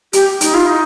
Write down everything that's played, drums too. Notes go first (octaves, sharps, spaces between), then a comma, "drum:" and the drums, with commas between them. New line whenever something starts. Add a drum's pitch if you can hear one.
G4, drum: hi-hat
D#4, drum: hi-hat
F4
D#4